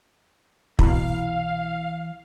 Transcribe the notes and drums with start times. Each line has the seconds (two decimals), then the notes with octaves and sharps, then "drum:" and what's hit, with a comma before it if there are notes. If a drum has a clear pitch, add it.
0.79 C2 B2 E3 E4 F5 B5, drum: kick